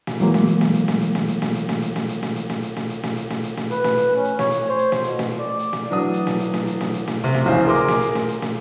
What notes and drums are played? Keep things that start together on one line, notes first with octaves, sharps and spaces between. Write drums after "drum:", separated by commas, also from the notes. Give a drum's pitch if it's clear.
drum: snare
E3 F#3 G#3 A#3, drum: hi-hat
drum: snare
drum: hi-hat
drum: snare
drum: hi-hat
drum: snare
drum: hi-hat
drum: snare
drum: hi-hat
drum: snare
drum: hi-hat
drum: snare
drum: hi-hat
drum: snare
drum: hi-hat
drum: snare
drum: hi-hat
drum: snare
drum: hi-hat
drum: snare
drum: hi-hat
drum: snare
drum: hi-hat
drum: snare
drum: hi-hat
drum: snare
B4, drum: hi-hat
drum: snare
drum: hi-hat
C#4
drum: hi-hat
C#5, drum: snare
drum: hi-hat
C5
drum: hi-hat
drum: snare
B2, drum: hi-hat
drum: snare
D5
drum: hi-hat
drum: snare
E3 F#3 D4 D#6
drum: hi-hat
drum: snare
drum: hi-hat
drum: snare
drum: hi-hat
drum: snare
drum: hi-hat
drum: snare
C3, drum: hi-hat
drum: snare
A#1 E2 C#3 C5, drum: hi-hat
G#4 A#4 C6 D6
drum: hi-hat
drum: snare
drum: hi-hat
drum: snare
drum: hi-hat
drum: snare